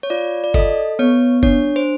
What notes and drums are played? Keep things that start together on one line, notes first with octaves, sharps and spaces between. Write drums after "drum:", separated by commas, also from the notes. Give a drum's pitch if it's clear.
C#5
F4 D5
D5
A4 D#5, drum: kick G1
B3 C#5
D4 C#5, drum: kick G1
C5